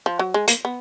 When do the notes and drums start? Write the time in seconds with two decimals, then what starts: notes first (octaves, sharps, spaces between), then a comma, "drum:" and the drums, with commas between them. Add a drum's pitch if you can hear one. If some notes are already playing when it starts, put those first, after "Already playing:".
0.06 F3
0.19 F#3
0.34 G#3
0.48 A#3, drum: hi-hat
0.65 B3